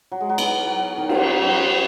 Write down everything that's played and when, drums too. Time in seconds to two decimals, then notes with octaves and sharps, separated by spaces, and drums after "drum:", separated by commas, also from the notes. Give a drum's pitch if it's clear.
0.12 F#3
0.21 G#3
0.29 F#3
0.38 B3, drum: cymbal
0.66 F#3
0.98 D#3
1.09 F3, drum: cymbal
1.20 F#3
1.39 F#3
1.47 F3